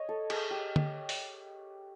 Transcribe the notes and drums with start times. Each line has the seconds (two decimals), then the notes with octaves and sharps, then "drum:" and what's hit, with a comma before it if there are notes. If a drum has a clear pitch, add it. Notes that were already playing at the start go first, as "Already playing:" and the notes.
Already playing: C#5 D#5
0.09 A4
0.30 G#4, drum: cymbal
0.51 G4
0.76 drum: tom D3
1.09 drum: open hi-hat